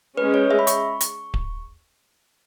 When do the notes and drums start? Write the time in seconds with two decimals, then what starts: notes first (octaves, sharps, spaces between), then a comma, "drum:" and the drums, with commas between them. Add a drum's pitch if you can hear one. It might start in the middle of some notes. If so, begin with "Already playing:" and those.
0.17 G#3 C#4 G#4 B4
0.34 C#5
0.51 E5
0.59 B5
0.67 C#6, drum: hi-hat
1.01 drum: hi-hat
1.34 drum: kick D1